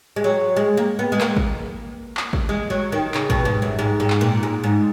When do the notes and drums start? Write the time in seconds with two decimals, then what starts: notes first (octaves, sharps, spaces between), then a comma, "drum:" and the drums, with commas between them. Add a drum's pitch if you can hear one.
0.16 G#3
0.24 F#3
0.56 G#3
0.77 A#3
0.99 B3
1.12 G#3
1.21 A#3, drum: clap
1.37 drum: kick
2.17 drum: clap
2.33 drum: kick
2.49 G#3
2.70 F#3
2.92 D#3
3.14 C#3, drum: clap
3.30 B2, drum: kick
3.45 G#2
3.62 F#2
3.79 G#2
4.00 G#2
4.10 drum: clap
4.21 A#2
4.43 G#2
4.64 G#2